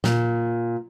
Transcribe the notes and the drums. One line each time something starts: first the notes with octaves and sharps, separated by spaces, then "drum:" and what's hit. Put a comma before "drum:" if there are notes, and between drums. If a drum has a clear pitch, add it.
A#2, drum: snare